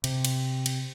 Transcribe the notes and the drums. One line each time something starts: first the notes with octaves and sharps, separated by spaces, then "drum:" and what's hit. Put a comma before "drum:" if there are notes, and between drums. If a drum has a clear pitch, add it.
C3, drum: cymbal
drum: cymbal
drum: cymbal